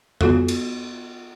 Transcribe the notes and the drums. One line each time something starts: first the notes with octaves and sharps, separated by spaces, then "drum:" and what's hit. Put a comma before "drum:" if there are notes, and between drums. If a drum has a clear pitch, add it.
B3 F4 F#4 A4, drum: tom F2
drum: cymbal